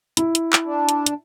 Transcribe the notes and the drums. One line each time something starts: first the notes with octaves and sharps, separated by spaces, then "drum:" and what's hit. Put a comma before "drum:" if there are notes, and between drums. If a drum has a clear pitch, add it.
E4, drum: hi-hat
drum: hi-hat
drum: clap
D4
drum: hi-hat
drum: hi-hat